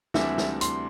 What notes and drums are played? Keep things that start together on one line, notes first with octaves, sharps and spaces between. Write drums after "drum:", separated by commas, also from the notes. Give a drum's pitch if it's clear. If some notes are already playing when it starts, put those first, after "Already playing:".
D2 C3 E3 G3 D4 E5, drum: snare
drum: snare
C6, drum: hi-hat